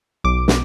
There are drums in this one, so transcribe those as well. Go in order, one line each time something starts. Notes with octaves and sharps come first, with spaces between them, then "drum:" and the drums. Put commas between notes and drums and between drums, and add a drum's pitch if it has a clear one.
B1 D6
B2, drum: snare